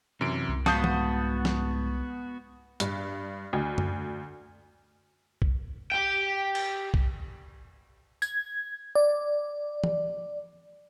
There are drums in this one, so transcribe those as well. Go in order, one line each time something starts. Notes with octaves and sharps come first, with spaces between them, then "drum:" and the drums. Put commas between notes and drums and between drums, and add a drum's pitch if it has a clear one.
F#2 C3 E3 D7
C2
G#2 B3 F#4 F5 A5 D#6 G6, drum: snare
drum: tom
drum: snare
G2, drum: hi-hat
D2
drum: tom F#2
drum: kick
G4 G5
drum: cymbal
drum: kick
G#6, drum: tambourine
D5
drum: tom